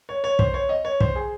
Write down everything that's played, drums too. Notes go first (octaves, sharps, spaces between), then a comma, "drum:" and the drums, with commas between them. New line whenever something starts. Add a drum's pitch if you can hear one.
C#5
C#5
C5, drum: kick
C#5
D#5
C#5
C5, drum: kick
G#4